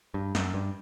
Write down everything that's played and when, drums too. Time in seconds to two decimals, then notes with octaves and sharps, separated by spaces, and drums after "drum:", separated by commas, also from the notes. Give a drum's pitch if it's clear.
0.14 G2
0.35 F#2, drum: snare
0.54 G2